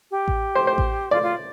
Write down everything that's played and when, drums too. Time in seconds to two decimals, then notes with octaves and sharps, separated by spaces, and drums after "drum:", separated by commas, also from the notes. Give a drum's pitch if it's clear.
0.11 G4
0.28 drum: kick A1
0.55 C5
0.67 C5
0.78 drum: kick A1
1.11 F4 D5
1.22 F4